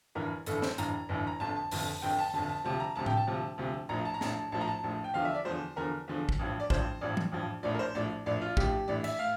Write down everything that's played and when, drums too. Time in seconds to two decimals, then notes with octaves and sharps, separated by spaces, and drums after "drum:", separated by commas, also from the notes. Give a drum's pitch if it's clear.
0.15 G1 G2 E3 A#4
0.46 G1 G2 E3 A4, drum: hi-hat
0.62 C5, drum: snare
0.78 G1 G2 E3 A#5, drum: hi-hat
1.09 G1 G2 E3
1.27 A#5
1.40 G1 F2 D3 A5
1.56 A5
1.71 G1 F2 D3 A5, drum: open hi-hat
2.02 G1 F2 D3 G5
2.19 A5
2.33 G1 F2 D3 A5
2.49 A5
2.64 D2 C3 F3 A5
2.80 A#5
2.95 D2 C3 F3 A5
3.06 G5, drum: tom A2
3.17 A5
3.27 D2 C3 F3
3.58 D2 C3 F3
3.89 A#1 A2 F3 A#5
4.05 A5
4.14 A#5
4.21 A#1 A2 F3 A5, drum: snare
4.52 A#1 A2 F3 A5
4.61 A#5
4.67 A5
4.84 A#1 A2 F3
5.04 G5
5.14 E2 D3 F3 F5
5.25 E5
5.34 D5
5.45 E2 D3 F3 C5
5.76 E2 D3 F3 A#4
6.08 E2 D3 F3
6.29 drum: kick
6.39 A1 G2 F3
6.60 D5
6.70 A1 G2 F3 C5, drum: kick
7.01 A1 G2 F3 D5
7.17 drum: tom E3
7.32 A1 G2 F3
7.63 A#1 A2 F3 D5
7.74 A#4
7.79 C5
7.94 A#1 A2 F3 D5
8.26 A#1 A2 F3 D5
8.41 F4
8.57 A#1 A2 F3 G4, drum: kick
8.88 A#1 A2 E3 D5
9.04 E5, drum: cymbal
9.19 A2 F5